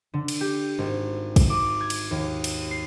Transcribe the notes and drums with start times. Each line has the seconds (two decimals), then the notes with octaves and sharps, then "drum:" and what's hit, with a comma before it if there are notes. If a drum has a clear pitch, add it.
0.14 D3
0.28 drum: cymbal
0.41 G4
0.78 G#1
1.36 drum: kick, cymbal
1.50 D6
1.81 G#6
1.90 drum: cymbal
2.11 D#2
2.44 drum: cymbal
2.71 C7